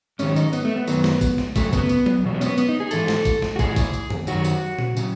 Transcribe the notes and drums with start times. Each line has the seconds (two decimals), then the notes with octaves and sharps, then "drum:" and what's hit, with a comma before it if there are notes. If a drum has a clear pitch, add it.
0.19 G#2 D#3 F#3 C#4, drum: tambourine
0.36 D#4, drum: tambourine
0.53 B3, drum: tambourine
0.65 A3
0.76 B3
0.87 F#2 D#3 F#3, drum: tambourine
1.04 drum: snare
1.21 drum: kick, tambourine
1.38 drum: snare
1.56 F#2 C#3 F#3 A3, drum: kick, tambourine
1.73 B3, drum: kick, tambourine
1.89 drum: tambourine
2.06 drum: tom F#3
2.23 E2 B2 F#3
2.35 B3
2.41 C#4, drum: tambourine
2.46 B3
2.58 B3, drum: tambourine
2.69 D#4
2.80 G#4
2.91 G#2 E3 A4, drum: tambourine
3.08 drum: snare
3.25 drum: kick, tambourine
3.42 drum: snare
3.56 F#4
3.59 A2 E3 G#4, drum: kick, tambourine
3.76 drum: kick, tambourine
3.93 drum: tambourine
4.10 drum: tom F#2
4.27 F#2 D#3 F#3 F#4, drum: tambourine
4.44 drum: tambourine
4.79 drum: tom A#2
4.97 C#3 F#3, drum: tambourine